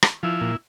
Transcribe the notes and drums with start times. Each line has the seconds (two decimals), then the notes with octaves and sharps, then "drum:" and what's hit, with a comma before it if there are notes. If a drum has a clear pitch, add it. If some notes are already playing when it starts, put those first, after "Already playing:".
0.03 drum: rim click
0.23 F3 E4
0.41 A#2